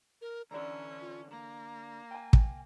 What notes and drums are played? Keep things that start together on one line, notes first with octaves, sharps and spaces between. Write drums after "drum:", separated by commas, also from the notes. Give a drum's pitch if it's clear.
A#4
D3 E3 C#4 D5 A#5
F4
A#3 A#5
G5 G#5
drum: kick